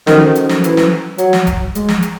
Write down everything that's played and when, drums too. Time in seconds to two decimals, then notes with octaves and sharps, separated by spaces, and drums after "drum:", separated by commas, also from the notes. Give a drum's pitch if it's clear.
0.07 D#3 C#4 F#4 A4 C5, drum: snare
0.35 drum: hi-hat
0.49 drum: snare
0.64 E3, drum: hi-hat
0.77 drum: snare
1.18 F#3, drum: hi-hat
1.33 drum: snare
1.47 drum: kick D#1, hi-hat
1.75 G#3, drum: hi-hat
1.89 drum: snare
2.02 drum: hi-hat